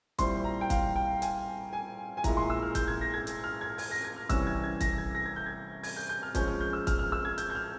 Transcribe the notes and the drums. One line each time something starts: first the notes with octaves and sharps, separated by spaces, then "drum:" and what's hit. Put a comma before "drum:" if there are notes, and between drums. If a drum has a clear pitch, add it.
A#2 G3 C4 E4 C6, drum: kick, hi-hat
A#5
G5
F5, drum: kick, hi-hat
G5
G#5, drum: hi-hat
G#5
G#5
A#2 G#3 E4 A#5, drum: kick, hi-hat
C6
E6
F6
G6, drum: kick, hi-hat
G#6
A#6
G#6
drum: hi-hat
F6
G#6
G#6, drum: open hi-hat
A#6
G#6
F6
C3 E3 G3 C#4 E6, drum: kick, hi-hat
G#6
G#6
A#6, drum: kick, hi-hat
G#6
A#6
G#6
G6
G#6
G#6, drum: open hi-hat
G6
G6
F6
F3 G#3 C#4 G6, drum: kick, hi-hat
F6
G6
E6
F6, drum: kick, hi-hat
F6
E6
G#6
G6, drum: hi-hat
G6
F6